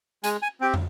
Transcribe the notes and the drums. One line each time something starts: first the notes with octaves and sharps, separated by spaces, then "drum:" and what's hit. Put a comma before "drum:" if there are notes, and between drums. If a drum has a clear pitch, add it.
G#3 G#5, drum: hi-hat
G#5
C4 G4 G5
drum: tom